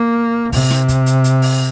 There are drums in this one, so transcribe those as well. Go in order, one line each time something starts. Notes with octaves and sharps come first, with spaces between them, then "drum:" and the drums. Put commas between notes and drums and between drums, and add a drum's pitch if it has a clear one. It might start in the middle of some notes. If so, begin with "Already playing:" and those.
Already playing: A#3
C3, drum: kick, open hi-hat
drum: snare
drum: kick, hi-hat
drum: hi-hat
drum: hi-hat
drum: open hi-hat